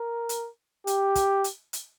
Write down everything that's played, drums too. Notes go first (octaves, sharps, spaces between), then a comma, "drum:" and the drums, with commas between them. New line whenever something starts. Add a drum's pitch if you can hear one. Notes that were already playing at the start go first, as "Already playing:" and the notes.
Already playing: A#4
drum: hi-hat
G4, drum: hi-hat
drum: kick, hi-hat
drum: hi-hat
drum: hi-hat